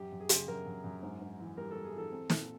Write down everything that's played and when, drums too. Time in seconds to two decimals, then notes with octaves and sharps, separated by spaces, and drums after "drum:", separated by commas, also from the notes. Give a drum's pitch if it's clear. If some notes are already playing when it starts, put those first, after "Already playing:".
Already playing: F#2 G4
0.12 F#2
0.20 G#4
0.29 C#3, drum: hi-hat
0.47 F#2 A#4
0.66 F#2
0.84 F#2
1.03 G#2
1.21 G#2
1.39 E3
1.57 G3 A#4
1.71 G3 A4
1.85 G#4
1.93 E3 A4
2.12 C4
2.30 A#2, drum: snare